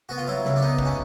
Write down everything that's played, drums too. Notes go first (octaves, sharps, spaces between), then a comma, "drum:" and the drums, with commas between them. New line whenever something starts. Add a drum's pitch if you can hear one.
B3 F#4
F4
F#3 E4
C#2, drum: snare
D4
B3 D#4
C#2, drum: kick
C#4